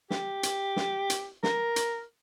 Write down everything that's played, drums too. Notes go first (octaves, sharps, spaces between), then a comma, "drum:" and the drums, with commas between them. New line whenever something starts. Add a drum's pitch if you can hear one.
G4, drum: snare
drum: hi-hat
drum: snare
drum: hi-hat
A#4, drum: snare
drum: hi-hat